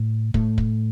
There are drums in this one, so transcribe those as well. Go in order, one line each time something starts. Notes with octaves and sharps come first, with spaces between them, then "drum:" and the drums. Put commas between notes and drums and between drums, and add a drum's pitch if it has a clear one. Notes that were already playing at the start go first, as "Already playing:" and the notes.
Already playing: A2
A2 A3, drum: kick
drum: kick